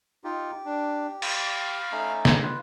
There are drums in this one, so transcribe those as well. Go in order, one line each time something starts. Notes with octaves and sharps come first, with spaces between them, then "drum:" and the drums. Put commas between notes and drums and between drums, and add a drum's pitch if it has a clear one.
D#4 F4 G4
D4
F5 B5 F6, drum: cymbal
A3 C#4 D#4
drum: snare
F4 B4